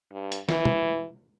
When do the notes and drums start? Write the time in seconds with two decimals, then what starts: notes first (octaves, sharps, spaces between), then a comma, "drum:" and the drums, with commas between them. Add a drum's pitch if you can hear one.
0.12 G2
0.32 drum: hi-hat
0.49 E3, drum: snare
0.65 drum: tom